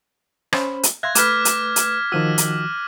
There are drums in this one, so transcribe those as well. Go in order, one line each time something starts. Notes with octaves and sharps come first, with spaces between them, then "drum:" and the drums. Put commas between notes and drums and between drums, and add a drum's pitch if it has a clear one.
C#4 C5 B5, drum: rim click
drum: hi-hat
E5 F5 C6 F#6 G#6 A#6
A3 B4 D6 F6 B6, drum: hi-hat
drum: hi-hat
drum: hi-hat
D#3 F3 F#4 E6 D#7
drum: hi-hat